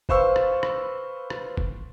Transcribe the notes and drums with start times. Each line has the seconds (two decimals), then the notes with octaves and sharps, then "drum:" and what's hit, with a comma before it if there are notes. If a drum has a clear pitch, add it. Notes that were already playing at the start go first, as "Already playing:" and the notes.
0.09 B4 C5 F5 C#6 E6, drum: kick F1
0.36 drum: rim click
0.63 drum: rim click
1.30 drum: rim click
1.57 drum: kick F1